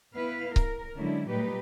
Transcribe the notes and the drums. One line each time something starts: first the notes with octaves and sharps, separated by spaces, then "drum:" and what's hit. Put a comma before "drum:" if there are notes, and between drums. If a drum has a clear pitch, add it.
B3 E4 B4 F5
A#4, drum: kick C#1
D3 F#3 G#3 C#4 D4 E4
A#2 G3 D#4 G4 B4